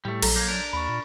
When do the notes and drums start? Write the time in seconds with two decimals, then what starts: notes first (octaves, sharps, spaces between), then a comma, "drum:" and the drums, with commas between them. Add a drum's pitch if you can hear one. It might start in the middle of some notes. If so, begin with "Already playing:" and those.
0.05 A2 G3 A3
0.22 A#1 F#3 A4 A#5, drum: cymbal
0.36 A#3 G6 G#6
0.48 D4 A#4
0.73 D#2 B5 C#6
0.89 A#2